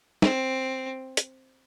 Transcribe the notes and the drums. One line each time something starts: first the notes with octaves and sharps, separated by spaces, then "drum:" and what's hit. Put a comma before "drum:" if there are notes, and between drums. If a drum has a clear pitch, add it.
C4, drum: snare
drum: hi-hat